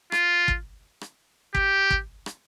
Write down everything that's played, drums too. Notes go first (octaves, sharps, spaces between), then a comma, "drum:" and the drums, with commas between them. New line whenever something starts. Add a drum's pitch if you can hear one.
F4, drum: rim click
drum: kick
drum: rim click
G4, drum: kick
drum: kick
drum: rim click